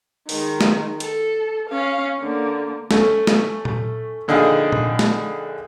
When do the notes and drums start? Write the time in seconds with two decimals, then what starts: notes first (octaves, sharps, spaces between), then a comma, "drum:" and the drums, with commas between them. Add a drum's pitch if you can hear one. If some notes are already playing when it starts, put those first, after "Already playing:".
0.29 D#3 G#3, drum: open hi-hat
0.61 drum: snare
1.00 A4, drum: hi-hat
1.69 C#4 F5
2.20 D3 A#3
2.91 A3 C#4, drum: snare
3.27 drum: snare
3.65 drum: tom A#2
4.28 A#1 D3 D#4 G#4 F5 G5
4.72 drum: tom A#2
4.99 drum: snare